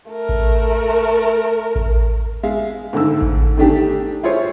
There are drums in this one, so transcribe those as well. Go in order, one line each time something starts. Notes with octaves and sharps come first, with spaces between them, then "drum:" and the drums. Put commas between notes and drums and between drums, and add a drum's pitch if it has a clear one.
A3 A#4
drum: kick A1
drum: kick A1
G#3 E5 F5
G#2 D3 D#3 A3 E6
drum: kick A1
D#3 A3 D4 G4
E4 F4 G#4 C5 C#5